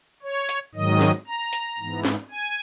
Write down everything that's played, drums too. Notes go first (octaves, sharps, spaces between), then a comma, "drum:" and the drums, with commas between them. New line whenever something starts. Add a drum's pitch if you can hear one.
C#5
drum: hi-hat
G#2 D#3 F#3 D#5
drum: snare
A#5
drum: hi-hat
G#2 E3 B3
drum: snare
G#5